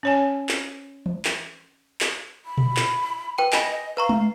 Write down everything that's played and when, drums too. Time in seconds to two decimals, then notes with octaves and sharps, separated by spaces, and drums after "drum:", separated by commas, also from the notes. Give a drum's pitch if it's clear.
0.03 C#4 C#5 G#5
0.49 drum: clap
1.06 drum: tom E3
1.25 drum: clap
2.01 drum: clap
2.45 B5
2.58 drum: tom A#2
2.77 drum: clap
3.38 B4 G5 D#7
3.52 D#5 G#5 B5, drum: clap
3.97 B4 F5 A#5 C#6
4.09 drum: tom G#3